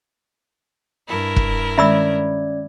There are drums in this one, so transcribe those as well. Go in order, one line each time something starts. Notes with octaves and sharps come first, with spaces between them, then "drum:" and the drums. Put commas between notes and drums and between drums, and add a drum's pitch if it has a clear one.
G2 E4 A#4
drum: kick
D#3 G#3 C#4 D5 E5 B5 E6 G#6